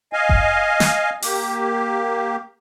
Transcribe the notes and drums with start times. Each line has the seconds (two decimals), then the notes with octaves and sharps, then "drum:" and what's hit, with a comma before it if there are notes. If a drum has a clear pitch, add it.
0.13 D#5 F5 G#5
0.29 drum: kick F#1
0.80 drum: snare
1.22 A#3 G4, drum: open hi-hat